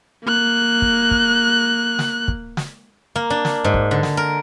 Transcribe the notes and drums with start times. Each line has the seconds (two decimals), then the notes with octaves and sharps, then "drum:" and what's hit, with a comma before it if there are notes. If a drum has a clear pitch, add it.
0.24 A#3 F#6
0.82 drum: kick
1.11 drum: kick
1.99 drum: snare
2.28 drum: kick
2.57 drum: snare
3.16 A#3
3.30 D4
3.45 drum: snare
3.64 G#2
3.74 drum: kick
3.91 D3
4.03 drum: snare
4.17 A#4